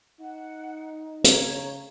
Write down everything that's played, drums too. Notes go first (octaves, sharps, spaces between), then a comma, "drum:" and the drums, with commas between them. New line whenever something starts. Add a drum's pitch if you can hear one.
D#4 F#5
C#3 C#5 A#5, drum: hi-hat